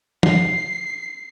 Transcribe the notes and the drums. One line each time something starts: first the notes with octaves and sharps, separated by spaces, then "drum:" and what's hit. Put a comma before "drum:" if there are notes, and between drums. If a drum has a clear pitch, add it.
C7, drum: tom